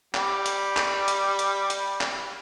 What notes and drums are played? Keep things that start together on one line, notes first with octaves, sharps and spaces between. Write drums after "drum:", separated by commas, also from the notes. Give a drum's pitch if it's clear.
G3 G4, drum: clap
drum: hi-hat
drum: clap
drum: hi-hat
drum: hi-hat
drum: hi-hat
drum: clap